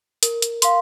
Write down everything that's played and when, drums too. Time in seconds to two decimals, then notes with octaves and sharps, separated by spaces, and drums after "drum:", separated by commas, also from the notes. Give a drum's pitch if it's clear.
0.23 A#4, drum: hi-hat
0.42 drum: hi-hat
0.62 F5 C6, drum: hi-hat